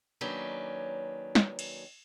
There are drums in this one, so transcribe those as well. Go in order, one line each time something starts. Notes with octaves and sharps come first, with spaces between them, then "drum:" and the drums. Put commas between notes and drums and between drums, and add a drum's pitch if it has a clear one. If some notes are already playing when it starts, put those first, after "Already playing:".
D#3 F#3 A#3 C#4 D4 B4
drum: snare
drum: cymbal